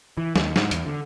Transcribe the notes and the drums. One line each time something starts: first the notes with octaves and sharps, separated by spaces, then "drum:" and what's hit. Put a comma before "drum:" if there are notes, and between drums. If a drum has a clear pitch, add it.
E3
D#2, drum: snare
G#2, drum: snare
E2, drum: hi-hat
D3